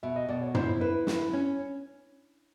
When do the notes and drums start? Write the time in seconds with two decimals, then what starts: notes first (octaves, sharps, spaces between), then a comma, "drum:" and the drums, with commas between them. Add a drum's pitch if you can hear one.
0.03 B2 E5
0.16 D#5
0.29 B2 D5
0.42 C#5
0.54 E4 C5, drum: tom
0.81 E4 B4
1.07 E4, drum: snare
1.33 C#4